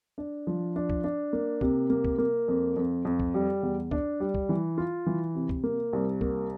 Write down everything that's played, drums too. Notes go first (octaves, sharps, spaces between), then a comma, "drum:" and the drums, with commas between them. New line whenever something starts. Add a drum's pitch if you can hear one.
D4
F3
D4
drum: kick
D4
A#3
C3, drum: kick
A#3
drum: kick
A#3
F2
F2
F2
drum: kick
G3
E2
D4, drum: kick
G3
drum: kick
E3
F4
E3
C3
drum: kick
A#3
C2
A#3, drum: kick